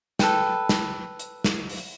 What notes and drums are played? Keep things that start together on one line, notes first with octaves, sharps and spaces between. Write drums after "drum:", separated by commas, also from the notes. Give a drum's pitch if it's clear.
A4 B4 G5, drum: snare
drum: snare
drum: hi-hat
drum: snare
drum: open hi-hat